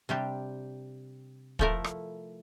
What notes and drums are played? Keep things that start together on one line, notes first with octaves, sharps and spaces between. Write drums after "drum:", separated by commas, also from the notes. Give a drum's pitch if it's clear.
C3 G3 D4 G4
F3 A3 E4 A#4, drum: kick
drum: rim click